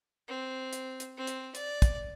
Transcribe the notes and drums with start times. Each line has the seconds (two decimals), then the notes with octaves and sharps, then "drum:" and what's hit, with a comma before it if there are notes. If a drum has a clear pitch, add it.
0.28 C4
0.73 drum: hi-hat
1.00 drum: hi-hat
1.17 C4
1.27 drum: hi-hat
1.55 D5, drum: hi-hat
1.82 drum: kick, hi-hat